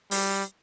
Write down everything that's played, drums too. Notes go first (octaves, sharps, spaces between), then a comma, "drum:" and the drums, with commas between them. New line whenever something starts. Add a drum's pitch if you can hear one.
G3, drum: open hi-hat